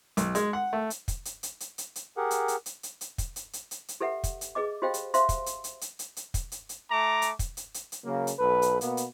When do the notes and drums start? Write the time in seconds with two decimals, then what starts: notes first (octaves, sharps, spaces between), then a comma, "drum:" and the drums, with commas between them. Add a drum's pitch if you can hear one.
0.17 B1, drum: hi-hat
0.35 G#3, drum: hi-hat
0.53 F#5
0.73 A3
0.90 drum: hi-hat
1.08 drum: kick, hi-hat
1.25 drum: hi-hat
1.43 drum: hi-hat
1.60 drum: hi-hat
1.78 drum: hi-hat
1.96 drum: hi-hat
2.17 G4 G#4 A#4 F#5
2.31 drum: hi-hat
2.48 drum: hi-hat
2.66 drum: hi-hat
2.83 drum: hi-hat
3.01 drum: hi-hat
3.18 drum: kick, hi-hat
3.36 drum: hi-hat
3.53 drum: hi-hat
3.71 drum: hi-hat
3.88 drum: hi-hat
4.00 G4 A4 B4 E5 F#5
4.24 drum: kick, hi-hat
4.41 drum: hi-hat
4.55 G#4 B4 D#5 D6
4.82 F#4 G4 C5 D#5 F5 G5
4.94 drum: hi-hat
5.14 C5 E5 F5 C6, drum: hi-hat
5.29 drum: kick, hi-hat
5.46 drum: hi-hat
5.64 drum: hi-hat
5.81 drum: hi-hat
5.99 drum: hi-hat
6.16 drum: hi-hat
6.34 drum: kick, hi-hat
6.52 drum: hi-hat
6.69 drum: hi-hat
6.91 A3 A#5 D6
7.22 drum: hi-hat
7.39 drum: kick, hi-hat
7.57 drum: hi-hat
7.74 drum: hi-hat
7.92 drum: hi-hat
8.04 C#3 F#3 A#3
8.27 drum: hi-hat
8.38 B1 A4 B4
8.62 drum: hi-hat
8.81 B2 A#3 B3, drum: hi-hat
8.97 drum: hi-hat